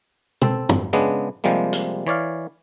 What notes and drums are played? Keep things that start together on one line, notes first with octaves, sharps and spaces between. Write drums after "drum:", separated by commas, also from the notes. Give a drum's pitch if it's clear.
C4 A4, drum: tom
drum: tom
C#3 G#3 B3 D4
C3 F3 G3 G#3 A#3
drum: hi-hat
E3 C#5 D5 F5